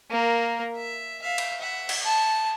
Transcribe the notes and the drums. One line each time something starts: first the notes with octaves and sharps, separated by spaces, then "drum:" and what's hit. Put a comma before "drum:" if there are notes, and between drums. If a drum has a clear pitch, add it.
A#3 A#4
E5
E5 F5
drum: cymbal
E5 F#5
drum: cymbal
A5